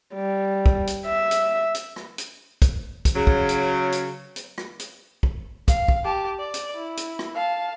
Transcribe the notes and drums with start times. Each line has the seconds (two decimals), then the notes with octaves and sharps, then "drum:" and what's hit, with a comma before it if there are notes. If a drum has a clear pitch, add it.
0.14 G3
0.66 drum: kick
0.87 drum: hi-hat
1.06 E5
1.31 drum: hi-hat
1.75 drum: hi-hat
1.96 drum: rim click
2.18 drum: hi-hat
2.62 drum: kick, hi-hat
3.05 drum: kick, hi-hat
3.15 C#3 F#3
3.27 drum: kick
3.49 drum: hi-hat
3.92 drum: hi-hat
4.36 drum: hi-hat
4.58 drum: rim click
4.79 drum: hi-hat
5.23 drum: kick
5.68 F5, drum: kick, hi-hat
5.88 drum: kick
6.04 G4 A5
6.39 D5
6.54 drum: hi-hat
6.76 E4
6.97 drum: hi-hat
7.19 drum: rim click
7.34 F5 A5